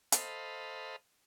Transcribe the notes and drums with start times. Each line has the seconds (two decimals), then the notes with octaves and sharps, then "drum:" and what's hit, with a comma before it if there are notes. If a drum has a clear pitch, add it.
0.12 A4 C5 D#5 F5 B5, drum: hi-hat